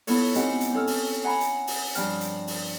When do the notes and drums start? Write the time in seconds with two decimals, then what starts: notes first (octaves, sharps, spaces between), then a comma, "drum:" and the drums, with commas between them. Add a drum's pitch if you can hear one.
0.07 B3 E4 F4 A4 C#5, drum: open hi-hat
0.35 G#2 C4 G4 F#5, drum: hi-hat
0.61 drum: hi-hat
0.73 C4 C#4 A4 E6 F6
0.87 drum: open hi-hat
1.24 F#5 G#5 A#5 B5
1.41 drum: hi-hat
1.67 drum: open hi-hat
1.95 G2 F3 G5 F6, drum: hi-hat
2.21 drum: hi-hat
2.47 drum: open hi-hat